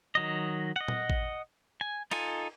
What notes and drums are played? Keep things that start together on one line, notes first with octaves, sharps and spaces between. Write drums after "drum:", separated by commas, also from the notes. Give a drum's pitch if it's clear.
D#3 F#3 D#5
D#5 F#5
drum: tom A#2
drum: kick A1
G#5
D#4 F4 A4 G#5, drum: cymbal